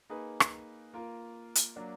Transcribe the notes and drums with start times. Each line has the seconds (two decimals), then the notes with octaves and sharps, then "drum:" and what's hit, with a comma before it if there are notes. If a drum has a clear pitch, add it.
0.09 A#3 D#4 G#4 B4
0.40 drum: rim click
0.93 A#3 F4 A#4
1.55 drum: hi-hat
1.76 F#3 A#3 D4